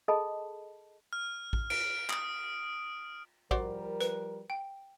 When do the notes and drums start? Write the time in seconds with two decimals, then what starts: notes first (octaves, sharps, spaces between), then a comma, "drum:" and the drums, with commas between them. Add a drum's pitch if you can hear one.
0.08 G#4 A4 D#5 A5 B5
1.13 F6
1.53 drum: kick A1
1.70 D7, drum: cymbal
2.10 D#6, drum: clap
3.51 F3 G3 F#4 A#4 C5 D5, drum: kick A1
4.01 B4, drum: hi-hat
4.50 G5